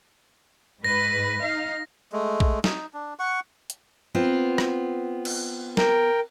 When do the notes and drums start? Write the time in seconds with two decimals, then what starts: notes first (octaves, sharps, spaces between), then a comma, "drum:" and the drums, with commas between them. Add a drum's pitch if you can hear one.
0.84 G#2 B4 A#6
1.44 D#4 F5
2.13 G#3 A3
2.40 drum: kick A#1
2.64 D#4, drum: snare
2.94 D4
3.19 F#5 C#6
3.70 drum: hi-hat
4.15 B3 C4 F4
4.58 drum: rim click
5.25 drum: cymbal
5.77 A#4 G5, drum: snare